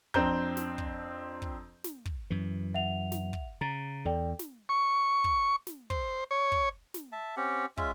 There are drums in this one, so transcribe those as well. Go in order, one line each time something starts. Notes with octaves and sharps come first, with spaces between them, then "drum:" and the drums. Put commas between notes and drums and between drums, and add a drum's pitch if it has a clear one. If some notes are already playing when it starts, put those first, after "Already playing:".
F2 C4 D4 A#5 G6, drum: kick
drum: snare
drum: kick
drum: kick
drum: snare
drum: kick
F#2 E3
E5 F#5 F7
drum: snare
drum: kick
C#3 A#5 A6
E2 A4 D5 G5
drum: snare
C#6
drum: kick
drum: snare
C5, drum: kick
C#5
drum: kick
drum: snare
E5 A5
C4 C#4 G4 F#5
G#3 C#4 F4 E5, drum: kick